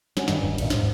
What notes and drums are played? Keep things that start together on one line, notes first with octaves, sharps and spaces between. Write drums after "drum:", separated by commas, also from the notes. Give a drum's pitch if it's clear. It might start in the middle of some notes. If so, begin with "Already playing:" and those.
F#3 C#4, drum: snare
G2 D#3 G3, drum: snare
D#1 G2
B1 E2 A#2, drum: cymbal
C2 G#2, drum: snare